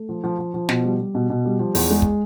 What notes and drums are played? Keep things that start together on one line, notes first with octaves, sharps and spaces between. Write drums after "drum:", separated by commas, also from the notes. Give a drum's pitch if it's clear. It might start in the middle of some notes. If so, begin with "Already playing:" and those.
Already playing: A3
F3
F3
F3
F3
B2, drum: snare
G3
G3
B2
B2
G3
F3
E2, drum: open hi-hat
G#3
drum: kick